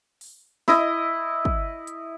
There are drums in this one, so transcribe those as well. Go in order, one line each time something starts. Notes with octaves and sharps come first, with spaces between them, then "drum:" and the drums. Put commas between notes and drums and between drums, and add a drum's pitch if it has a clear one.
drum: open hi-hat
E4 D#5, drum: snare
drum: kick
drum: hi-hat